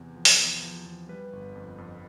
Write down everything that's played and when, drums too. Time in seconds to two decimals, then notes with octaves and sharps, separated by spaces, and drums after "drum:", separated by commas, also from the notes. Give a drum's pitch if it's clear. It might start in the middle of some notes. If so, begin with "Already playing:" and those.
Already playing: E2 C3
0.16 F3
0.25 drum: open hi-hat
0.39 E2
0.63 F3
0.86 E2
1.09 G3 B4
1.33 G1
1.55 F2
1.78 F2